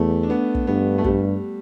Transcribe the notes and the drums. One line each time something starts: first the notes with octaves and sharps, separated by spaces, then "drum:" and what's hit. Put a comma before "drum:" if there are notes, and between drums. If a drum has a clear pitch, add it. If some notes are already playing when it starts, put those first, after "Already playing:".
Already playing: E2 A3
D4
B3
drum: kick
G2 B3
A3
G2 G3, drum: kick